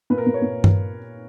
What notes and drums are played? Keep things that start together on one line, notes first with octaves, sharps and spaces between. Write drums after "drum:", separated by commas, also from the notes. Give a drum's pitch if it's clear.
A#2 B4
A#4
A#2
C#5
A#2
drum: tom G2